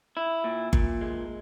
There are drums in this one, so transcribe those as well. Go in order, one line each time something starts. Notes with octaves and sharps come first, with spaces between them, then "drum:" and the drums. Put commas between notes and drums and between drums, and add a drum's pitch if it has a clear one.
E4
A#2
A#2, drum: kick G1
G#3